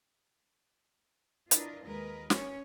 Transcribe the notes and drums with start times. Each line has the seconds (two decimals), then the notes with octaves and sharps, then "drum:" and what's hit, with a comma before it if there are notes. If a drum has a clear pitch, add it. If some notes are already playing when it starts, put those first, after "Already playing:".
1.51 D4 E4 F4 A#4 B4 D#5, drum: hi-hat
1.84 D#2 G#3 A#4 B4 D#5
2.30 C#4 C#5, drum: snare